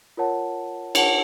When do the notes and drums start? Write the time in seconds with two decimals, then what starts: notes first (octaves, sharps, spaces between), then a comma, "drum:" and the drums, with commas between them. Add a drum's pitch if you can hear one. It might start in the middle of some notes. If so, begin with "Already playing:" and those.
0.17 F4 A#4 C#5 F#5 A5
0.95 F4 A#4 C#5 F#5 A5, drum: cymbal